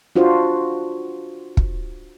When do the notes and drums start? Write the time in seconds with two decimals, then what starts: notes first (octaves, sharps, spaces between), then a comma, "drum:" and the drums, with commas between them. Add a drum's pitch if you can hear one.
0.16 D4 F4 F#4 C5
1.57 drum: kick